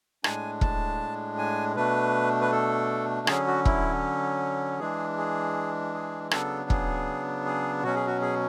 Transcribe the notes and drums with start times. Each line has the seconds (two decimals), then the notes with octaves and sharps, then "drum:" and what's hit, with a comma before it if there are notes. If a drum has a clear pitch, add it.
0.24 A2 G#3 D4 G#5, drum: rim click
0.61 A5, drum: kick E1
1.38 G#5
1.75 B2 A3 D4 B4
2.41 B4
2.52 A4
3.27 D3 F#3 C#4 G#4, drum: rim click
3.47 F#4
3.65 E4, drum: kick E1
4.79 E3 G#3 D4 G#4
5.18 G#4
5.94 G#4
6.31 C#3 F#3 B3 D4 A4, drum: rim click
6.70 G#4, drum: kick E1
7.45 G#4
7.83 B2 F#3 C#4 F#4
7.95 G#4
8.07 F#4
8.22 G#4